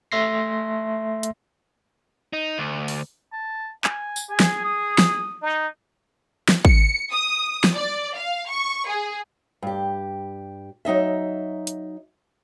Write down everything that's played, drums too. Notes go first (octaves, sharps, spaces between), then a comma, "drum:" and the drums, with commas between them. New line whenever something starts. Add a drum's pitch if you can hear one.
A3 E5 C6 A#6 C7
drum: hi-hat
D#4
D2
drum: open hi-hat
A5
G#5, drum: clap
drum: tambourine
G#4 G#5
drum: snare
D#6
drum: snare
D#4
drum: snare
C#7, drum: kick
D#6
drum: snare
D5
F5
C#6
G#4
G2 G4
F#3 D#4 D#5 E5
drum: hi-hat